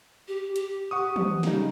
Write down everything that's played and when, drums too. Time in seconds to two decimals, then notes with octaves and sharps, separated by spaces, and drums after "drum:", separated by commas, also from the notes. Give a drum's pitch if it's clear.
0.28 G4
0.56 G4, drum: hi-hat
0.91 F#5 C#6 D#6
1.16 drum: tom E3
1.43 C#3 G3 D#4, drum: snare